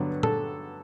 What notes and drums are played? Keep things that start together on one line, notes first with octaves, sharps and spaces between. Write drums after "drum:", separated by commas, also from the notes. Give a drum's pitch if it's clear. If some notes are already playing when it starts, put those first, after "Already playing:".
Already playing: G2 D3 F#3 B3
A4, drum: tom A#2